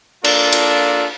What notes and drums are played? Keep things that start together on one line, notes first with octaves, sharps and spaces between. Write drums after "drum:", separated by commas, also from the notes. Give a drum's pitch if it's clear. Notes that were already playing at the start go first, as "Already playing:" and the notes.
A#3 D4 F4 A4, drum: cymbal
drum: cymbal